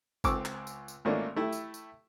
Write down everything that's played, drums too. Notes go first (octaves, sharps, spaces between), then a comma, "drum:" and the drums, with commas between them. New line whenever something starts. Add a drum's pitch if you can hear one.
C#2 C4 C#6 D6 E6, drum: kick, tambourine
drum: clap
drum: tambourine
drum: tambourine
G#1 A3 A#3 C#4 D4
A3 E4 G4
drum: tambourine
drum: tambourine